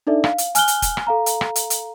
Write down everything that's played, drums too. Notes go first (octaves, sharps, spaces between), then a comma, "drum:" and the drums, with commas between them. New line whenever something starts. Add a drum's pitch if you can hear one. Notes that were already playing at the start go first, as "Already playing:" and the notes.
D4 D#4 A4 D5 E5
F5, drum: rim click
drum: hi-hat
G#5 F6 F#6 G7, drum: hi-hat
drum: hi-hat
drum: kick, hi-hat
drum: rim click
A4 F5 A#5
drum: hi-hat
drum: rim click
drum: hi-hat
drum: hi-hat